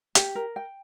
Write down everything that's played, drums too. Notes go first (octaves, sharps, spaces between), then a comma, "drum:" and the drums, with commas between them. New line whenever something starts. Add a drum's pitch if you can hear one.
G4, drum: hi-hat
A#4
G5